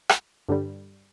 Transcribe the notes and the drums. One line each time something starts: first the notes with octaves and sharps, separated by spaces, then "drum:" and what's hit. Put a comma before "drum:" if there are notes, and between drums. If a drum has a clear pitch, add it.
drum: rim click
G2 D3 G3